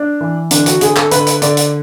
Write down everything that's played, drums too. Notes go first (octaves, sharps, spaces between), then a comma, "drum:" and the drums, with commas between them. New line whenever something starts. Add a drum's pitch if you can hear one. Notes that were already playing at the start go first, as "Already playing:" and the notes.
Already playing: D4
E3
D3 D4, drum: hi-hat
F#4, drum: hi-hat
D3 G#4, drum: hi-hat
A4, drum: clap
D3 B4, drum: hi-hat
drum: hi-hat
D3 D5, drum: hi-hat
drum: hi-hat